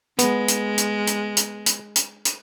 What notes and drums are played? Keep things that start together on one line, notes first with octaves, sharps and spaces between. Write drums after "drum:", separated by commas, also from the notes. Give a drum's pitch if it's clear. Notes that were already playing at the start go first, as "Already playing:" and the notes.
G#3 B3, drum: hi-hat
drum: hi-hat
drum: hi-hat
drum: hi-hat
drum: hi-hat
drum: hi-hat
drum: hi-hat
drum: hi-hat